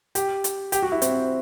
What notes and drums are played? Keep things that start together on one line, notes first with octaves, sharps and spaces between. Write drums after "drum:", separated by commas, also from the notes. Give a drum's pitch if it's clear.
G4, drum: hi-hat
drum: hi-hat
G4, drum: hi-hat
F#4
E4
C4, drum: hi-hat